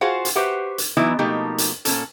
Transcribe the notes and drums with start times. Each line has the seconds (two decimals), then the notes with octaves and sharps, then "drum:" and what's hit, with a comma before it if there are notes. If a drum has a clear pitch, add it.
0.01 F4 F#4 G#4 C5 F5 F#5
0.25 drum: hi-hat
0.36 F#4 G4 B4 C5 E5 F#5
0.78 drum: hi-hat
0.97 E3 F#3 B3 D#4 E4
1.19 B2 F3 A3 A#3 D#4 G4
1.58 drum: hi-hat
1.85 A#2 C#4 A4, drum: hi-hat